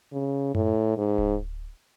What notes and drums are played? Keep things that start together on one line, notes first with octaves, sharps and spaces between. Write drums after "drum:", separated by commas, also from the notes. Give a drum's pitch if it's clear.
C#3
A2, drum: tom F#2
G#2
drum: kick D1